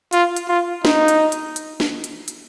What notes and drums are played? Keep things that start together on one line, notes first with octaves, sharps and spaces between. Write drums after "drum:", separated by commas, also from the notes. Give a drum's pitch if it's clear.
F4, drum: hi-hat
drum: hi-hat
F4
D#4, drum: snare
drum: hi-hat
drum: hi-hat
drum: hi-hat
drum: snare
drum: hi-hat
drum: hi-hat